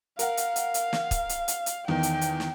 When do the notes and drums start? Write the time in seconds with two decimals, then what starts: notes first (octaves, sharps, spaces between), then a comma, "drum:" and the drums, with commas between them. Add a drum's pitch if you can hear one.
0.19 A#4 F5 F#5, drum: hi-hat
0.37 drum: hi-hat
0.56 drum: hi-hat
0.74 drum: hi-hat
0.93 drum: snare
1.11 drum: kick, hi-hat
1.29 drum: hi-hat
1.48 drum: hi-hat
1.66 drum: hi-hat
1.88 E2 D#3 G5
2.03 drum: hi-hat
2.21 drum: hi-hat
2.40 drum: snare